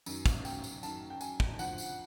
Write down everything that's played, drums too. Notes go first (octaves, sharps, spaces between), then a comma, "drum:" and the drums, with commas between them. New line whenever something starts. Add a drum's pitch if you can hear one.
F#2 D#3, drum: tambourine
drum: kick, tambourine
G5, drum: tambourine
drum: tambourine
F#2 D#3 A5, drum: tambourine
G5
G#5, drum: tambourine
drum: kick
F2 D3 F3 F#5, drum: tambourine
drum: tambourine